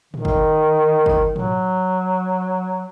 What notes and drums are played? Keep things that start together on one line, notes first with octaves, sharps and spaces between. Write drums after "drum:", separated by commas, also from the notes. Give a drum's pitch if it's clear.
D#3, drum: tom
drum: kick
drum: kick
F#3, drum: tom